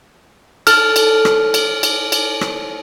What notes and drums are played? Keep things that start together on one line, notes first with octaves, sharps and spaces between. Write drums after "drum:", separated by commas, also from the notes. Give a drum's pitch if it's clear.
A4 F6, drum: cymbal
drum: cymbal
drum: rim click
drum: cymbal
drum: cymbal
drum: cymbal
drum: rim click